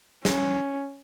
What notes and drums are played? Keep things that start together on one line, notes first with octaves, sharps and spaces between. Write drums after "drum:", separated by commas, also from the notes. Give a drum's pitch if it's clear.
C#4, drum: snare